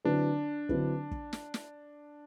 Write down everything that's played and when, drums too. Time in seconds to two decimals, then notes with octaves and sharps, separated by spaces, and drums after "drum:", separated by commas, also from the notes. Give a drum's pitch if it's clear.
0.05 D3 F#3 C4 D4 E4 B4
0.69 D3 F#3 C4 E4 B4, drum: kick
1.11 drum: kick
1.33 drum: snare
1.54 drum: snare